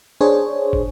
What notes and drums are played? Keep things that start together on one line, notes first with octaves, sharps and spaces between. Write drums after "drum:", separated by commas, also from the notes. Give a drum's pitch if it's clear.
D4 G#4 C5 C#5
drum: kick